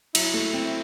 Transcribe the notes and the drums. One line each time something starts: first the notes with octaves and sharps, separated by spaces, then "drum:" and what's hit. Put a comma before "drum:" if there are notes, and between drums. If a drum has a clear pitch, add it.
F#3 E4, drum: cymbal
A3
C4